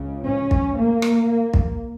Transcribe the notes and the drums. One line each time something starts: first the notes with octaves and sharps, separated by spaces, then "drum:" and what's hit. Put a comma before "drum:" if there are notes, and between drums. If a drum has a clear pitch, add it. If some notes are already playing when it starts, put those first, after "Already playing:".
Already playing: C#2 C#3
C#4
drum: kick
A#3
drum: rim click
drum: kick